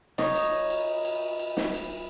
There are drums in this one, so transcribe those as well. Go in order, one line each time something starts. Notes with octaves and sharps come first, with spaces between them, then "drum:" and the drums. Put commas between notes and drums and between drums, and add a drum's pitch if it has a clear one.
D#4 C#5, drum: snare
drum: cymbal
drum: cymbal
drum: cymbal
drum: cymbal
drum: snare
drum: cymbal